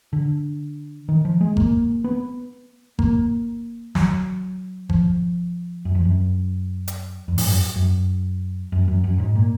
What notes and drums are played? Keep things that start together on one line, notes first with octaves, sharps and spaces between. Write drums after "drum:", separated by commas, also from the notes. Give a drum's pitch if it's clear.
D3
D#3
F3
G#3
A#3, drum: kick G1
B3
A#3, drum: kick G1
F#3, drum: snare
F3, drum: kick G1
F#2
F2
F#2
drum: hi-hat
F2
G#2, drum: open hi-hat
F#2
F#2
F#2
F#2
F#2
G#2
A#2